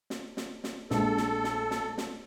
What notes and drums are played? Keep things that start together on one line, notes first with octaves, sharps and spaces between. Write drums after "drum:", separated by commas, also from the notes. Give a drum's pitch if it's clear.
drum: snare
drum: snare
drum: snare
A#1 G#3 A4, drum: snare
drum: snare
drum: snare
drum: snare
drum: snare